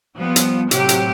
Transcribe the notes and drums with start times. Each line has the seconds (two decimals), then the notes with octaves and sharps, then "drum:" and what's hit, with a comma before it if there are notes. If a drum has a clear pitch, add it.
0.16 F3 G3 B3
0.36 drum: hi-hat
0.71 A2 C3 F#3 G4, drum: hi-hat
0.89 drum: hi-hat